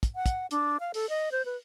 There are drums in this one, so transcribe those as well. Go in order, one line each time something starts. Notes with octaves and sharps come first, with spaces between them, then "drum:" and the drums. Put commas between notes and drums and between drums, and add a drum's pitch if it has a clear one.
drum: kick, hi-hat
F#5
drum: kick, hi-hat
D4, drum: hi-hat
F5
A4, drum: open hi-hat
D#5
C5
B4